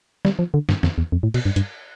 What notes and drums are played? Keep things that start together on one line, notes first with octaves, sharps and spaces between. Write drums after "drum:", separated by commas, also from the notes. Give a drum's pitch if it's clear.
G3, drum: snare
F3
D3
G2, drum: snare
F2, drum: snare
E2
F2
A2
B2, drum: cymbal
G2
G2, drum: hi-hat